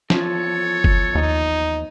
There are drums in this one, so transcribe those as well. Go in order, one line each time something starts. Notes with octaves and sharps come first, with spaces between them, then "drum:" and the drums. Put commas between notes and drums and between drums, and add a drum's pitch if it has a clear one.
E2 F3 A4 C#5, drum: snare
drum: kick F#1
D#2 D#4